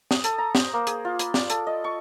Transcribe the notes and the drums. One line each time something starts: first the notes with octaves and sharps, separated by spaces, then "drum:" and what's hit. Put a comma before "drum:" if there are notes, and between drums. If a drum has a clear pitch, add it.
D#6, drum: snare
A4, drum: hi-hat
A#5
C5, drum: snare
A#3
G#4, drum: hi-hat
F4
B5, drum: hi-hat
D5, drum: snare
A4, drum: hi-hat
D#5
C#6